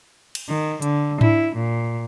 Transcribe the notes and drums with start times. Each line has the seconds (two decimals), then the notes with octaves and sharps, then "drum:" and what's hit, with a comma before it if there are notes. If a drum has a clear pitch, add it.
0.35 drum: cymbal
0.48 D#3
0.82 D3, drum: hi-hat
1.21 E4, drum: tom G#2
1.56 A#2